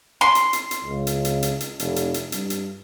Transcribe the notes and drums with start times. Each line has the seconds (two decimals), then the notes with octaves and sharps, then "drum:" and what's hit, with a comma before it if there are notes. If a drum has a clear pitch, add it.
0.21 C6
0.35 drum: hi-hat
0.53 drum: hi-hat
0.71 drum: hi-hat
0.85 C#2
1.07 drum: hi-hat
1.25 drum: hi-hat
1.43 drum: hi-hat
1.60 drum: hi-hat
1.79 F1, drum: hi-hat
1.96 drum: hi-hat
2.14 drum: hi-hat
2.32 G2, drum: hi-hat
2.50 drum: hi-hat